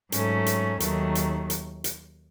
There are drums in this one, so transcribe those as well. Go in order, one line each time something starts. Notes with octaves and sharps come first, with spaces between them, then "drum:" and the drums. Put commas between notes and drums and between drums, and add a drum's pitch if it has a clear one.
G#2 F#3 A3 C#4, drum: hi-hat
drum: hi-hat
D#2 D#3 F#3 A3, drum: hi-hat
drum: hi-hat
drum: hi-hat
drum: hi-hat